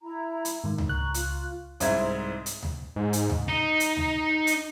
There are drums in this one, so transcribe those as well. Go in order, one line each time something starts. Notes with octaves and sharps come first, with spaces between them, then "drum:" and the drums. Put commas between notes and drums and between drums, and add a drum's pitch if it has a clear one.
E4 A#5
drum: hi-hat
G#2 D#3
drum: tom D2
C#2 A#5 C#6 F#6
F4, drum: hi-hat
C2 G#2 C4 E4 E5 G#6, drum: hi-hat
drum: hi-hat
drum: tom D2
G#2
drum: hi-hat
drum: tom D2
D#4
drum: hi-hat
drum: tom D2
drum: hi-hat